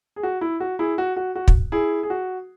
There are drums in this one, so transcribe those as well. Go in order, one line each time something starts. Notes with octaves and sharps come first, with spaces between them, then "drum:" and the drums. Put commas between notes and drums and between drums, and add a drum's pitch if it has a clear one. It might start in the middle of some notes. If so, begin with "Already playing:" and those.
G#4
F#4
E4
F#4
E4 G#4
F#4
F#4
F#4
drum: kick
E4 G#4
G#4
F#4